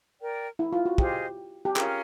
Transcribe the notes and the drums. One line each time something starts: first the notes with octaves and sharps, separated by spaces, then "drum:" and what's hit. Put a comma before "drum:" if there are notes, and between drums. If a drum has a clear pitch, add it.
A#4 D5 G5
E4
F4
F#4
F4 G4 G#4 C5 D#5, drum: kick
G4
C#4 F4 G#4 A#4, drum: clap